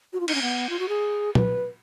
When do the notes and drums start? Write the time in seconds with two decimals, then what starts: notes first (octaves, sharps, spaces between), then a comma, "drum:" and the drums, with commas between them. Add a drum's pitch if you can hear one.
0.13 F#4
0.20 F4
0.28 D#4, drum: cymbal
0.35 C#4
0.42 B3
0.70 F4
0.79 F#4
0.89 G#4
1.35 B4, drum: tom